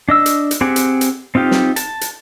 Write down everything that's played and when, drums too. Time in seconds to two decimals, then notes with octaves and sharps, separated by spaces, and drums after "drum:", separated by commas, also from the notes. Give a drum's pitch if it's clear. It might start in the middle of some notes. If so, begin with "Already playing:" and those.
0.09 D4 D#5 E6
0.26 drum: hi-hat
0.51 drum: hi-hat
0.61 C4 G4 G#4 F#5
0.76 drum: hi-hat
1.01 drum: hi-hat
1.35 C4 D#4 F4 G4
1.51 drum: snare
1.76 A5, drum: hi-hat
2.01 drum: hi-hat